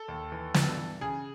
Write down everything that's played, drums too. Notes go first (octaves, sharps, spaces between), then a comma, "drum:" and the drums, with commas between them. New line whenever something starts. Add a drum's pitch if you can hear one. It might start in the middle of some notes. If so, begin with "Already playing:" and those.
Already playing: A4
D#2
E3
G2, drum: snare
E3
C#3 G#4